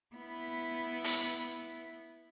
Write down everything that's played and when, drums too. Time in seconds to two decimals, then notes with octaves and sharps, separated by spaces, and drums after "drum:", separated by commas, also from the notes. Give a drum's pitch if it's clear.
0.15 B3 E4
1.04 drum: hi-hat